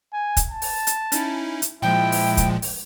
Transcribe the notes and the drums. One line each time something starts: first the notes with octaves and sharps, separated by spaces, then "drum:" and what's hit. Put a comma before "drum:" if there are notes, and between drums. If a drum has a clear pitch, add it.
G#5
drum: kick, hi-hat
A5
drum: open hi-hat
drum: hi-hat
C#4 D#4 E4, drum: hi-hat
drum: hi-hat
A#2 F3 G#3 E4 G5
drum: open hi-hat
drum: kick, hi-hat
drum: open hi-hat